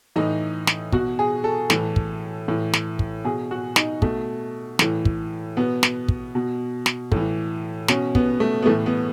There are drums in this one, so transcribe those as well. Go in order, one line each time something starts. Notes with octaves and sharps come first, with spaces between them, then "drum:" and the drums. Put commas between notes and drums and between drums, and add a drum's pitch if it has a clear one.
A2 E3 D#4
drum: snare
B2 F#4, drum: kick
G#4
A4
A2 E3, drum: snare
drum: kick
A2 E3
drum: snare
drum: kick
B2 G#4
F#4
D#4, drum: snare
B2 A3, drum: kick
A2 E3, drum: snare
drum: kick
B2 B3
drum: snare
drum: kick
B2
drum: snare
A2 E3, drum: kick
B2 C#4, drum: snare
B3, drum: kick
A3
B3
A2 E3 A3
B3